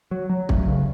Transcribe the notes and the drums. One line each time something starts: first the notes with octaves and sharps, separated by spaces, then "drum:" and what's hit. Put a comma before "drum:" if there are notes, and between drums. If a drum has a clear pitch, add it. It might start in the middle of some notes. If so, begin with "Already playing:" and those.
F#3
F#3
A3, drum: kick
C#3